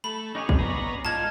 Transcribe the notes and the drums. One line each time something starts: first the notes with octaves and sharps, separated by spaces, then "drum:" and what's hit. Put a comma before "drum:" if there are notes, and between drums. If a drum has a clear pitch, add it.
A3 B5
C#4 D#4 G4 G#4
drum: kick A1
B3 C#4 G#4 D5 A#5
G#2 D#4 F4 D#5 A5 F6 G#6